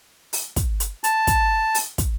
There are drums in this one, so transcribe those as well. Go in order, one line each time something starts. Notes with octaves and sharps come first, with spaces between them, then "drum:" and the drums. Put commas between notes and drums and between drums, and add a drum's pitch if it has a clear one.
drum: open hi-hat
drum: kick, hi-hat
drum: hi-hat
A5, drum: hi-hat
drum: kick, hi-hat
drum: open hi-hat
drum: kick, hi-hat